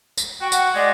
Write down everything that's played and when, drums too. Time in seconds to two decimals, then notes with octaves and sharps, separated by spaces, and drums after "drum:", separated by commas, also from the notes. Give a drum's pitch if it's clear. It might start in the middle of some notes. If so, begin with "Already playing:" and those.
0.17 drum: tambourine
0.41 F#4 G5
0.52 F#5, drum: tambourine
0.75 G#3 D5